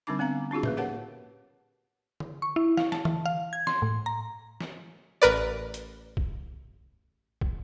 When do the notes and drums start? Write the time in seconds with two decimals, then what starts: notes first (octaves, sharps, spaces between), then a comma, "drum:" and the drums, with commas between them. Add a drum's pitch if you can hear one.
0.07 D3 G3 C4 D4 D#4 D6
0.19 B3 C4 F5 A#5
0.51 C#4 D#4 F4 F#4 G#4
0.63 A#3 B4 E5, drum: tom A2
0.77 G4 A#4 B4 C#5 F#5 A5
2.20 drum: tom D3
2.42 C#6
2.56 E4
2.77 F5, drum: snare
2.92 A5, drum: snare
3.05 E3, drum: tom D3
3.26 F5
3.53 G#6
3.67 C6, drum: snare
3.82 A2
4.06 A#5
4.60 drum: snare
5.22 A1 A#4 B4 D5
5.74 drum: hi-hat
6.17 drum: kick
7.41 drum: kick